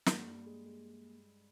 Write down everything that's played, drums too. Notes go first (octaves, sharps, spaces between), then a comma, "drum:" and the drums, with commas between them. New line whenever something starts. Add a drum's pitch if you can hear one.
G2 A#3, drum: snare
G2
G#3
G#3